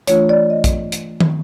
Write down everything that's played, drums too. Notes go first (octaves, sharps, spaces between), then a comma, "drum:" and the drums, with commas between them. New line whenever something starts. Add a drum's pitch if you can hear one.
E3 A3 D4 F4 C#5, drum: hi-hat
D5
D#5
drum: kick A#1, hi-hat
drum: hi-hat
drum: tom